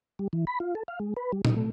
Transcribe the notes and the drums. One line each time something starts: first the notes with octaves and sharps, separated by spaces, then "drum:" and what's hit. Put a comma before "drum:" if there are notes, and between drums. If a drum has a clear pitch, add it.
G3
E3
B5
F4
A4
F5
G#3
B4
G3
D#4, drum: tom A#2
A3